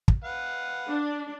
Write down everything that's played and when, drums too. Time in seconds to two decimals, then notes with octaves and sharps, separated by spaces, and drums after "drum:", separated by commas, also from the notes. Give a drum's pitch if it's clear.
0.08 drum: kick
0.24 B4 F5 F#5
0.88 D4